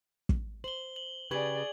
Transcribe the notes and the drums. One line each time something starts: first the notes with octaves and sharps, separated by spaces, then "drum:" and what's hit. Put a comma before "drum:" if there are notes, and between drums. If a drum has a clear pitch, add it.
drum: kick
C5 F#7 G7
F#7
C#3 G4 G#4 B4 D5 C#6 G#6 F#7